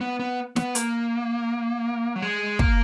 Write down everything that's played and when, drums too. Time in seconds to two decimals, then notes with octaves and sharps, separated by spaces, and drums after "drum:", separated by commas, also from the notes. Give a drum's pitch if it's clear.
0.01 B3
0.19 B3
0.56 B3, drum: snare
0.75 A#3, drum: hi-hat
2.16 F#3
2.22 G#3
2.59 A#3, drum: kick